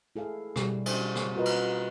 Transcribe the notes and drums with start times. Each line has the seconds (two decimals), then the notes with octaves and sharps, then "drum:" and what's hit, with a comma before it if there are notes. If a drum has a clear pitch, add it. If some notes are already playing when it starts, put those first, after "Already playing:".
0.16 E4 G#4 A4 F5
0.56 B2 G3, drum: rim click
0.86 drum: cymbal
1.16 drum: rim click
1.36 F4 F#4 A#4 B4 D#5
1.45 drum: cymbal